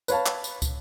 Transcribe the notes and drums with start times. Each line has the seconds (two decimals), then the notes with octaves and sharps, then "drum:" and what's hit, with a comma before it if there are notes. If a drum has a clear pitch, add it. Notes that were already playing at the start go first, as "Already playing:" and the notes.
0.08 B4 C#5 F5 A5, drum: tambourine
0.26 drum: clap
0.44 drum: tambourine
0.62 drum: kick, tambourine